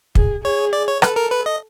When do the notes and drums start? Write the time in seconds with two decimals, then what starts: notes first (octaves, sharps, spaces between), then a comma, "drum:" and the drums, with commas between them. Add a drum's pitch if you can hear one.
0.15 G#4, drum: kick
0.44 G#4 C#5
0.73 D5
0.88 C#5
1.02 A4 B4, drum: rim click
1.16 A#4
1.31 B4
1.46 D#5